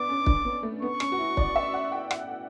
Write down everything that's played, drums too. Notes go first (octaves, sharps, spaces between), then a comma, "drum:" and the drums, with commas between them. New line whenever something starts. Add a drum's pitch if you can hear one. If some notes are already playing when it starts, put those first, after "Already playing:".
Already playing: B3 D4 D6
C#4
D4, drum: kick
B3
A3
B3 C#6
C#4, drum: rim click
F#4
E4
D5, drum: kick
E5
F#5
G5
F#5, drum: rim click